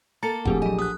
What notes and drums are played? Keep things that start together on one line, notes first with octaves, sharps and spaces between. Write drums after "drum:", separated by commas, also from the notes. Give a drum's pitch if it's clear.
A#3 A4 A#5 A6 C#7
A#1 A3 C4 G4 G#4 F#5, drum: kick E1
F#3 D#5 G#5
B3 D#6 F#6